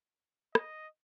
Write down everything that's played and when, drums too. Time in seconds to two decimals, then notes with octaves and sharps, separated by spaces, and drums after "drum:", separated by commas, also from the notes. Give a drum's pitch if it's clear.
0.55 D#5, drum: rim click